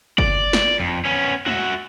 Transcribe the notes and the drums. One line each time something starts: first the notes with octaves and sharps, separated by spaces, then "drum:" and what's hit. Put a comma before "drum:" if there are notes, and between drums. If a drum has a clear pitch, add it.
D5, drum: kick
drum: snare
F2
B3 C#4
F#4 E5, drum: tom